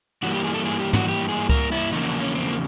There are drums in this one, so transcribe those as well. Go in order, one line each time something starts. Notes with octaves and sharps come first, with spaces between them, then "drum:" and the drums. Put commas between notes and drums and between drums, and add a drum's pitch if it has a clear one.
G2 E3 G3 A#3 F#4
G4
G#4
A4
G#4
G4
F#4, drum: tom
G4
G#4
A#4, drum: kick C#2
E4, drum: cymbal
E2 C#3 F3 A#3 D#4
D4
C#4
C4
A#3